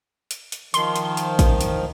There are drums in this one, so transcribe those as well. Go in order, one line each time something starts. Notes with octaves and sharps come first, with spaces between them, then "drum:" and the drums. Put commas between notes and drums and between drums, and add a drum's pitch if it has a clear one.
drum: hi-hat
drum: hi-hat
D#3 F3 C6, drum: hi-hat
drum: hi-hat
drum: hi-hat
drum: kick A1, hi-hat
drum: hi-hat